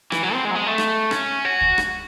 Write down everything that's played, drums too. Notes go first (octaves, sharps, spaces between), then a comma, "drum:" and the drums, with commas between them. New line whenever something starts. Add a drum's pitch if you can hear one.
E3, drum: rim click
F#3
C4
G#3
F#3
G#3
A3
drum: rim click
C#4, drum: rim click
F#4
drum: kick D2
drum: rim click